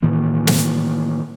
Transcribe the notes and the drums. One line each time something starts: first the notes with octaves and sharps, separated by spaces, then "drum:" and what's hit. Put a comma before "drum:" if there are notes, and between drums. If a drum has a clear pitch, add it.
A2 D#3 E3 A#3
drum: snare